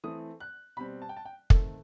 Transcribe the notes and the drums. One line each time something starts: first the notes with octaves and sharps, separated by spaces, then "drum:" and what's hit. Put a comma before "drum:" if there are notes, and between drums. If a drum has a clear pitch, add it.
E3 A3 C4 D#6
F#6
B2 G3 C4 B5
A5
G5
A5
G5
D#3 A3 C4 A4, drum: kick